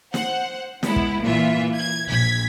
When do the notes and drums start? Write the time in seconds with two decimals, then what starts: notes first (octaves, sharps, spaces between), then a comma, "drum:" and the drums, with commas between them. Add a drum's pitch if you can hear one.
0.14 C5 F#5, drum: snare
0.83 G#3 B3 E4, drum: snare
0.96 drum: kick
1.24 A#2 E3 F4 E5
1.76 G#6
2.09 A#1 G#6 B6